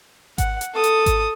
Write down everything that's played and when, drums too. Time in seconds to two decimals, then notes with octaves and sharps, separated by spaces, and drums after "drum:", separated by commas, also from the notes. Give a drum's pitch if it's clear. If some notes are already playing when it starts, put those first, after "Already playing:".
0.38 F#5, drum: kick G#1, hi-hat
0.61 drum: hi-hat
0.74 A4 D#6
0.84 drum: hi-hat
1.06 drum: kick G#1, hi-hat